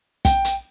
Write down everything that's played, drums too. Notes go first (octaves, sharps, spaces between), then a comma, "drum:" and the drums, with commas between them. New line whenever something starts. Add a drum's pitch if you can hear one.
G5, drum: kick, hi-hat
drum: hi-hat